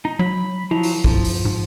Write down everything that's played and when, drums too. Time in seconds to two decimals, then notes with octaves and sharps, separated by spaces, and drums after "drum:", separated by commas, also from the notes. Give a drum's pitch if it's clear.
0.05 D#4
0.19 F#3 B5
0.71 F3 F#3 E4
0.83 drum: open hi-hat
1.04 F3, drum: kick
1.24 drum: open hi-hat
1.45 G#2